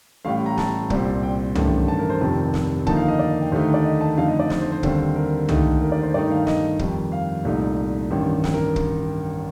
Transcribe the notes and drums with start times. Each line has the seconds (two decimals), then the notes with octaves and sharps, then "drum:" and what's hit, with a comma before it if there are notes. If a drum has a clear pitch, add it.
0.25 A1 A2 G3 F5
0.46 A#5
0.58 A5, drum: snare
0.90 C2 A#2 G3 C4, drum: kick
1.23 G5
1.55 A1 G2 D#3 A3, drum: tom
1.88 A5
1.99 A#4
2.10 C5
2.21 F1 F2 C3 D#3 A5
2.54 drum: snare
2.87 D#2 D3 F3 A#3 D#4 A5, drum: kick
2.97 F5
3.08 D#5
3.19 D5
3.41 G5
3.52 D#2 D3 A3 D#4 C5
3.74 D5
3.85 D#5
4.01 A5
4.18 F2 D3 A3 D#4 F5
4.28 D#5
4.40 D5
4.50 C5, drum: snare
4.61 C5
4.72 C5
4.83 D#2 D3 G3 C4, drum: kick
5.16 A#4
5.49 D#2 D3 A3 D#4, drum: tom
5.82 A#4
5.92 D5
6.03 C5
6.14 G2 D#3 A3 D#4 D5
6.31 F5
6.47 D#5, drum: snare
6.79 F2 D#3 G3, drum: kick
7.12 F5
7.45 C2 A#2 A3 D#4
8.11 A1 G2 D#3
8.44 G5, drum: snare
8.54 A#4
8.76 drum: kick